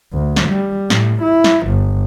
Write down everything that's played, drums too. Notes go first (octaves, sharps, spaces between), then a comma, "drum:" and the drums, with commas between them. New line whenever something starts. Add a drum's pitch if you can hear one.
D2
drum: snare
G3
A2, drum: snare
E4
drum: snare
G1